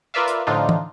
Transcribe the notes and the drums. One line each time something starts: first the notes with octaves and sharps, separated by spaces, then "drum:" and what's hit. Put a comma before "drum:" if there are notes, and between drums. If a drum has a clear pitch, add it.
F4 A#4 B4 D5 E5 F5
drum: hi-hat
A2 D3 F3 D4 D#4 F4
drum: tom E3